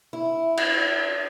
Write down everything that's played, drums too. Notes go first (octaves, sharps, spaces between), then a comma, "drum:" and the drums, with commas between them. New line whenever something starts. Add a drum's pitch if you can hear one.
E4
drum: cymbal